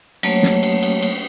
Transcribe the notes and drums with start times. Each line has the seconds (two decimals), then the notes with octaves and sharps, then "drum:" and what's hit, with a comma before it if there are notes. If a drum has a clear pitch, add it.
0.23 F#3 A3 A#3 C#5, drum: cymbal
0.43 drum: snare
0.63 drum: cymbal
0.83 drum: cymbal
1.02 drum: cymbal